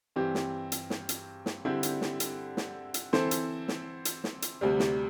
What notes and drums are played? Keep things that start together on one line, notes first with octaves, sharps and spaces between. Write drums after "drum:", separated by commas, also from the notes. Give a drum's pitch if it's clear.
G2 E3 C4 G4
drum: snare
drum: hi-hat
drum: snare
drum: hi-hat
drum: snare
D3 G3 C4 E4 G4
drum: hi-hat
drum: snare
drum: hi-hat
drum: snare
drum: hi-hat
E3 C4 E4 A4 C5, drum: snare
drum: hi-hat
drum: snare
drum: hi-hat
drum: snare
drum: hi-hat
D2 C3 G3
drum: snare